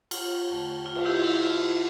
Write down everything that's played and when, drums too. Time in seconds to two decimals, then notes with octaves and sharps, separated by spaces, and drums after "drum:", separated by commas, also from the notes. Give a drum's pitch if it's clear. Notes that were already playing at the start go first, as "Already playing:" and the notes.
0.11 F4, drum: cymbal
0.49 E2 D3 A3
0.86 F4
0.95 drum: cymbal
1.05 E4 G4
1.24 E4
1.43 F4